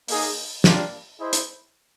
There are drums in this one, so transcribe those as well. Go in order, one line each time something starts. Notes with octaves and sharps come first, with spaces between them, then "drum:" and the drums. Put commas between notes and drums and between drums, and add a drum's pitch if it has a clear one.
A#3 D#4 G#4, drum: open hi-hat
G3 A#3 D4 F4, drum: snare
E4 G#4 C5 D#5
drum: hi-hat